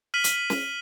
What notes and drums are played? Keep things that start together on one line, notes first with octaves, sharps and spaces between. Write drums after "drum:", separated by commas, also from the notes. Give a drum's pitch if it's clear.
F6 B6 D#7 F#7
drum: hi-hat
drum: snare